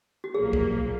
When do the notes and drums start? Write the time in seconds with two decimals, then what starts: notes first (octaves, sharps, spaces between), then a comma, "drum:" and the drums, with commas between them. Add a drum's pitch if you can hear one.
0.24 F#4
0.34 B1 A#2 F3 A#3 G#4
0.53 drum: kick C2